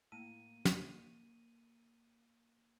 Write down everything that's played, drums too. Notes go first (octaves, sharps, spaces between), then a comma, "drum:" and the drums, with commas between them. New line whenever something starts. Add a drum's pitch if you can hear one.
A2 A#3 D#7
drum: snare